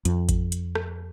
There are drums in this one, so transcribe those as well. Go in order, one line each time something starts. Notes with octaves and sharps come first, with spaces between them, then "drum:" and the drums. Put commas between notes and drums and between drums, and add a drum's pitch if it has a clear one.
F2, drum: hi-hat
drum: kick G#1, hi-hat
drum: hi-hat
drum: rim click